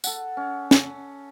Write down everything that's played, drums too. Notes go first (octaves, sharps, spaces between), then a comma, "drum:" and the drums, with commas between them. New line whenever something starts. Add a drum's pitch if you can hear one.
A4 F#5, drum: tambourine
C#4
drum: snare